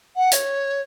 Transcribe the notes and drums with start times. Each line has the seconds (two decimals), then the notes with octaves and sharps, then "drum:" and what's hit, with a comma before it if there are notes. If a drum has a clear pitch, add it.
0.15 F#5
0.32 C#5, drum: hi-hat